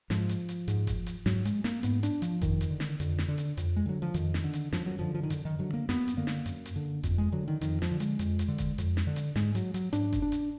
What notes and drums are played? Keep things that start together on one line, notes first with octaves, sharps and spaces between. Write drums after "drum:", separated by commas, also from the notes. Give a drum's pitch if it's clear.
G#2 F3, drum: snare
drum: hi-hat
drum: hi-hat
G#2, drum: hi-hat
drum: kick F#1, hi-hat
drum: hi-hat
G#2 F#3, drum: snare
G#3, drum: hi-hat
A#3, drum: snare
G#2 B3, drum: hi-hat
D4, drum: hi-hat
F3, drum: hi-hat
F2 D#3, drum: kick F#1, hi-hat
drum: hi-hat
D3
drum: snare
F2 D3, drum: hi-hat
drum: snare
D3
drum: hi-hat
F2, drum: hi-hat
G#3
D3 F#3
F3
F2 D#3, drum: hi-hat
drum: snare
D3
drum: hi-hat
F#2 F3, drum: snare
F#3
D3 F3
F3
D#3
F#2 D3, drum: hi-hat
D#3
D3 F#3
A#3
F#2 B3, drum: snare
drum: hi-hat
D3 A#3
drum: snare
F#2, drum: hi-hat
drum: hi-hat
D3
F2, drum: kick F#1, hi-hat
G#3
D3 F#3
D#3
F2 D#3, drum: hi-hat
F3, drum: snare
D3
G#3, drum: hi-hat
F2, drum: hi-hat
drum: hi-hat
D3
drum: kick F#1, hi-hat
F2, drum: hi-hat
drum: snare
D3
drum: hi-hat
G#2 G#3, drum: snare
F#3, drum: hi-hat
F#3, drum: hi-hat
G#2 D4, drum: hi-hat
drum: kick F#1, hi-hat
D4
drum: hi-hat